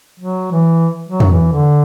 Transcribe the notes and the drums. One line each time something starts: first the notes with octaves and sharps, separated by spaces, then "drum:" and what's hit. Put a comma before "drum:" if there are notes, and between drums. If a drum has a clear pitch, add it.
F#3
E3
F#3
drum: tom
E3
D3